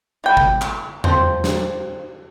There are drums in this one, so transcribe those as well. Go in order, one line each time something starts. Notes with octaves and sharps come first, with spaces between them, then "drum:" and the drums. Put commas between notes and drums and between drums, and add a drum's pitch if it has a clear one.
E3 G5 B5
drum: kick
drum: clap
F3 C4 C5, drum: tom E2
drum: snare